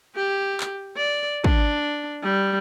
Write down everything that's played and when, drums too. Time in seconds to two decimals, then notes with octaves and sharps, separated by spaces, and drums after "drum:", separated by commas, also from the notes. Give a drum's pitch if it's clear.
0.16 G4
0.60 drum: clap
0.97 D5
1.44 D4, drum: kick
2.23 G3